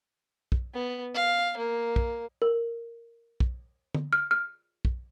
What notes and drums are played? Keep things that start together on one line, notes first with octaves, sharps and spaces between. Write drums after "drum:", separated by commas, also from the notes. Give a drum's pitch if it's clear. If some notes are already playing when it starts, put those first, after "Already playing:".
drum: kick
B3
F5
A#3
drum: kick
A#4
drum: kick
drum: tom D3
F6
F6
drum: kick